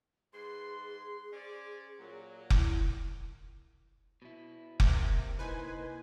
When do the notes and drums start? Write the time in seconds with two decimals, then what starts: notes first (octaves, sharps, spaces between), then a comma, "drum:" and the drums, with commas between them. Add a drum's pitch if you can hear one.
0.33 G#2 G#4 B4 C6
1.33 C#4 C5 D5
1.99 A#2 F#3
2.50 E4, drum: kick F1
4.22 B2 E4
4.80 C3 A#3, drum: kick F1
5.39 C3 D#4 E4 B4 C5 D#5 G#5